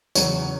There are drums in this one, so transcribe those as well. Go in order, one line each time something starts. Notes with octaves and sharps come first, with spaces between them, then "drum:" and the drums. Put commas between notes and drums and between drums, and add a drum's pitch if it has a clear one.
E2 C#3 F#3 C#5, drum: tambourine